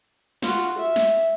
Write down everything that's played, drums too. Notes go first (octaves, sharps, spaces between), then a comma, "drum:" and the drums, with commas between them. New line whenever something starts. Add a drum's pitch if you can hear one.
F4 F#4, drum: snare
E5
drum: snare